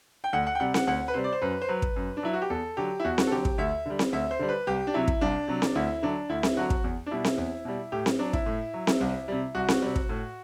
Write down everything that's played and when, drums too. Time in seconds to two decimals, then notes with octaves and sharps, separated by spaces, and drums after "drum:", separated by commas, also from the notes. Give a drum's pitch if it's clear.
0.24 G5
0.33 D2 F#5
0.47 F#5
0.55 G5
0.60 C3 G3 F#5
0.74 F#5, drum: snare C4
0.87 D2 F#5
1.08 B4
1.14 C3 G3 C5
1.24 D5
1.32 C5
1.42 F#2 B4
1.62 C5
1.69 F#3 B4
1.82 drum: kick
1.96 F#2
2.17 D4
2.23 F#3 E4
2.33 F#4
2.42 G4
2.50 E2 A4
2.77 D3 F#3 G4
3.00 E4
3.05 E2 F#4
3.18 drum: snare C4
3.27 A4
3.31 D3 F#3 G4
3.45 drum: kick
3.58 D2 E5
3.86 D3 G3
3.99 drum: snare C4
4.13 D2 E5
4.31 C5
4.39 D3 G3
4.49 B4
4.67 C2 G4
4.87 D4
4.94 C3 F#3 E4
5.08 drum: kick
5.21 C2 D4
5.48 C3 F#3
5.62 drum: snare C4
5.75 D2 E4
6.02 D3 F#3 D4
6.29 D2 E4
6.43 drum: snare C4
6.57 D3 F#3 F#4
6.70 drum: kick
6.84 E2
7.06 D4
7.11 B2 G3 E4
7.24 drum: snare C4
7.38 E2
7.65 B2 G3
7.92 A2 G4
8.06 drum: snare C4
8.19 F#3 D4
8.33 E4, drum: kick
8.46 A2
8.74 F#3
8.87 drum: snare C4
9.00 C2
9.28 C3 G3
9.55 C2 F#4
9.68 drum: snare C4
9.82 C3 G3
9.96 drum: kick
10.09 A2